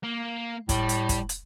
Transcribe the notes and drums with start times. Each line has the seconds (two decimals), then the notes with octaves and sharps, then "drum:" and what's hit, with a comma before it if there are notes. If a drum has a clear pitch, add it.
0.03 A#3
0.69 A2 G3, drum: kick, hi-hat
0.89 drum: hi-hat
1.09 drum: kick, hi-hat
1.29 drum: hi-hat